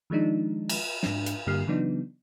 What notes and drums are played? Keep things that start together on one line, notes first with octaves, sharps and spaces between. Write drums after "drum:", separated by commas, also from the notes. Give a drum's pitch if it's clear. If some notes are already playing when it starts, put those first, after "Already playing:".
D#3 F3 G#3 D4 D#4
drum: cymbal
G#2 D4, drum: snare
drum: hi-hat
G2 D3 A#3 G4 F6 C7
C#3 E3 F#3 B3 D4 D#4